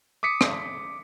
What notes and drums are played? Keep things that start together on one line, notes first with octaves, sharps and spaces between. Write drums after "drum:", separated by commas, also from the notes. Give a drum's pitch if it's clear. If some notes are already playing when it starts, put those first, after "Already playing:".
D6 D#6 B6 C#7
drum: rim click